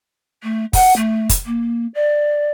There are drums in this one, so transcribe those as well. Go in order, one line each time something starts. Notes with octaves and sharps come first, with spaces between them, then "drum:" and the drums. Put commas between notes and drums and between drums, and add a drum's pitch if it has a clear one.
A3
F#5, drum: kick, open hi-hat
A3
drum: kick, hi-hat
A#3
D5